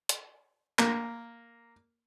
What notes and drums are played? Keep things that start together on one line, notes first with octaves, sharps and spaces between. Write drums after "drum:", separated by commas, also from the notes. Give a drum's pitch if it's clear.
drum: hi-hat
A#3, drum: clap